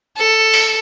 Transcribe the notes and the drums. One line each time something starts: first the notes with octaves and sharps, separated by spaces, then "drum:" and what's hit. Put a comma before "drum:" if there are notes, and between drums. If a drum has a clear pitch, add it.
A4
drum: open hi-hat